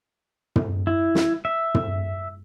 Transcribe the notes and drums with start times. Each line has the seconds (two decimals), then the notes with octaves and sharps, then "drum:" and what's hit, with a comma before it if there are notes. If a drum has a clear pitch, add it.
0.56 drum: tom
0.87 E4
1.15 drum: snare
1.45 E5
1.75 drum: tom